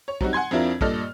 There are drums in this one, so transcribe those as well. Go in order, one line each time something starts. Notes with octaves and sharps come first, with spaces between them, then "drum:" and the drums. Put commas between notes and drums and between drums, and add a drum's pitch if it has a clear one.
C#5
F#3 G3 C4 D#4 F#4, drum: kick
F#5 G#5 C6 G#6
F2 C4 D4 E4 F4 A#4
G2 A#2 A4 D5 D#5 F6, drum: kick